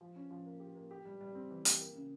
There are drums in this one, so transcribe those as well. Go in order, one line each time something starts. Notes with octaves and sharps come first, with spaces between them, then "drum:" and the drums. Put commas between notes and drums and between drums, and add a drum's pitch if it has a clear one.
F3
C#4
F3
A#3
G4
A#3
G4
G3
G3
C4
E3
G4, drum: hi-hat
A#3
C#3